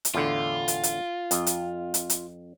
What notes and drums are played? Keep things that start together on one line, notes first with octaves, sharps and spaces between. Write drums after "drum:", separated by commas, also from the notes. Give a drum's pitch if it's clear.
drum: hi-hat
E2 A2 D3 F4
drum: hi-hat
drum: hi-hat
F2, drum: hi-hat
drum: hi-hat
drum: hi-hat
drum: hi-hat